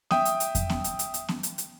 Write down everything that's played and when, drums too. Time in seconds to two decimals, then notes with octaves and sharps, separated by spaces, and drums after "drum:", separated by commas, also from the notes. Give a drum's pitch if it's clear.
0.11 E5 G5 D#6, drum: snare B3
0.25 drum: hi-hat
0.40 drum: hi-hat
0.55 drum: kick F2, hi-hat
0.70 drum: snare B3
0.84 drum: hi-hat
0.99 drum: hi-hat
1.14 drum: hi-hat
1.28 drum: snare B3
1.43 drum: hi-hat
1.58 drum: hi-hat